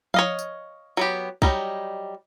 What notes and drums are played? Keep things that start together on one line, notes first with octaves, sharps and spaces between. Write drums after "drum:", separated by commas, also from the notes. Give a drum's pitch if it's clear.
C#5 D#5 F5, drum: tom F3
drum: tambourine
F#3 B3 G4
F#3 G3 D#4, drum: kick